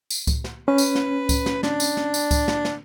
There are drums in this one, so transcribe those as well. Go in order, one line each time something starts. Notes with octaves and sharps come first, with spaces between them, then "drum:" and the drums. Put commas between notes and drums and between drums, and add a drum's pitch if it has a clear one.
drum: tambourine
drum: kick C#2, tambourine
drum: snare
C#4 B4
drum: tambourine
drum: snare
drum: kick C#2, tambourine
drum: snare
D4, drum: snare
drum: tambourine
drum: snare
drum: tambourine
drum: kick C#2, tambourine
drum: snare
drum: snare